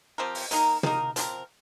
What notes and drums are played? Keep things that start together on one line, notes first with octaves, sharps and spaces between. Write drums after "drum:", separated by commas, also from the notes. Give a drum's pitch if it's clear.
F3 C4 G4 A#4
drum: open hi-hat
D#3 A#3 D#4 A#4, drum: hi-hat
D#3 A#3 D#4 A#4, drum: tom
F3 C4 G4 A#4, drum: hi-hat